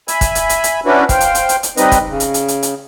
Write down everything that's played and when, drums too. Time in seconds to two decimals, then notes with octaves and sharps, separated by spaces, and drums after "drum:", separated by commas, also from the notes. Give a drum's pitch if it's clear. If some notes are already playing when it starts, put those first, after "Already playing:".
0.08 E5 G#5 B5, drum: hi-hat
0.21 drum: kick, hi-hat
0.35 drum: hi-hat
0.49 drum: hi-hat
0.64 drum: hi-hat
0.86 C#4 D4 E4 F#4 B4
1.09 C5 F5 G5, drum: kick, hi-hat
1.20 drum: hi-hat
1.35 drum: hi-hat
1.49 drum: hi-hat
1.63 drum: hi-hat
1.77 G3 C4 D#4 B4 D#5, drum: hi-hat
1.92 drum: kick, hi-hat
2.10 C#3
2.20 drum: hi-hat
2.34 drum: hi-hat
2.48 drum: hi-hat
2.63 drum: hi-hat